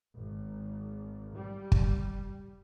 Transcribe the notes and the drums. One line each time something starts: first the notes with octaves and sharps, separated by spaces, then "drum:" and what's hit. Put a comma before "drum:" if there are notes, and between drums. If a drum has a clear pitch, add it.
G#1
G3
drum: kick